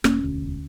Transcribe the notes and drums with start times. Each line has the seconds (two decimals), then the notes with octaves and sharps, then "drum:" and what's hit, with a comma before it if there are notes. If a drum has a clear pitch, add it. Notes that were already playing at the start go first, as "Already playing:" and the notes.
0.04 E1 A#3 C#4, drum: rim click
0.23 D2
0.42 E1